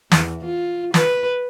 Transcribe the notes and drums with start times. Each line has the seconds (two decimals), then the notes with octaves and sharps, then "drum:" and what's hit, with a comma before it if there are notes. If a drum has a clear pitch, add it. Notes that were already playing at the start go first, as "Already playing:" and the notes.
0.12 E2, drum: snare
0.45 F4
0.94 B4, drum: snare